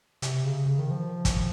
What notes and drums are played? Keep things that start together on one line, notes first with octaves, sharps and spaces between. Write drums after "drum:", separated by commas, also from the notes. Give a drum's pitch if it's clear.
C3, drum: hi-hat
C#3
C#3
D#3
F3
drum: kick, hi-hat